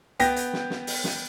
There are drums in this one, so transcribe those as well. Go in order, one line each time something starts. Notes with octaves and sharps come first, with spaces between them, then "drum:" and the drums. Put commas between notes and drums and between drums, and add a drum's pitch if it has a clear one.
B3 G5 A#6, drum: hi-hat
drum: hi-hat
drum: snare
drum: snare
drum: open hi-hat
drum: snare